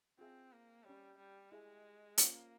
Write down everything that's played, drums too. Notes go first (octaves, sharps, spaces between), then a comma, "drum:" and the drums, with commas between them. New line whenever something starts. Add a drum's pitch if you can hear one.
C4 F4 G#4 E5
A#3
G3 C#4 G4 C#5
G3
G#3 E4 G#4 E5
A#3 C#4 F4 C5, drum: hi-hat